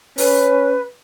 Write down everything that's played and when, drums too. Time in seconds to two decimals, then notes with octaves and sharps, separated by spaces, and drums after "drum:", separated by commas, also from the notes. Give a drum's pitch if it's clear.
0.18 C#4 B4, drum: open hi-hat